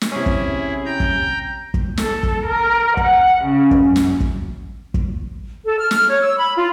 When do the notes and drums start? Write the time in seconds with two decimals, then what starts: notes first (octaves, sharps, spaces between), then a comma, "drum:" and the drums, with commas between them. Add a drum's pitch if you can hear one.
0.01 drum: snare
0.12 C3 C#4 E4 G#4
0.26 drum: kick
0.85 G5 A#5 G6
1.00 drum: kick
1.74 drum: kick
1.97 A4, drum: snare
2.23 drum: kick
2.46 A#4
2.97 F#5, drum: kick
3.44 C#3
3.71 drum: kick
3.80 F#2
3.96 drum: snare
4.20 drum: kick
4.94 drum: kick
5.64 A4
5.78 F6
5.91 F6, drum: snare
6.09 C#5
6.22 E6
6.37 B5
6.56 F4